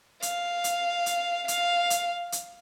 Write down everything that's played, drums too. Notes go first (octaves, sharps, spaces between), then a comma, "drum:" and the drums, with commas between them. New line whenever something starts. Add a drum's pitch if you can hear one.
F5, drum: hi-hat
drum: hi-hat
drum: hi-hat
F5, drum: hi-hat
drum: hi-hat
drum: hi-hat